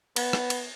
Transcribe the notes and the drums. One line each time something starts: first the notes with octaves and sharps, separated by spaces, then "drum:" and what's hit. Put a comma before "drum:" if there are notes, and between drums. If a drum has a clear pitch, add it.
B3, drum: cymbal
drum: rim click
drum: cymbal